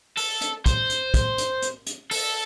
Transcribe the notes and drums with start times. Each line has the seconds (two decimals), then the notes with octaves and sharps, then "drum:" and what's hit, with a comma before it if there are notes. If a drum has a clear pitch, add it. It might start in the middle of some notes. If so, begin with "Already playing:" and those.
0.17 A4, drum: open hi-hat
0.41 drum: hi-hat
0.66 C5, drum: kick, hi-hat
0.90 drum: hi-hat
1.14 drum: kick, hi-hat
1.38 drum: hi-hat
1.62 drum: hi-hat
1.86 drum: hi-hat
2.11 A4, drum: open hi-hat